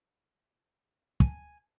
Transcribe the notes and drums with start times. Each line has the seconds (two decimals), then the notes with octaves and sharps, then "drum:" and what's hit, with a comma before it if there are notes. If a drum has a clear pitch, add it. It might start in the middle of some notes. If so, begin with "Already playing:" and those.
1.20 G#5, drum: kick